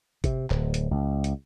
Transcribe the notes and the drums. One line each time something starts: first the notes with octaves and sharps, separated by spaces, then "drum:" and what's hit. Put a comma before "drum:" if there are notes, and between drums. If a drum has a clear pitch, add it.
C3, drum: kick G1, hi-hat
D1, drum: clap
drum: hi-hat
C#2
drum: hi-hat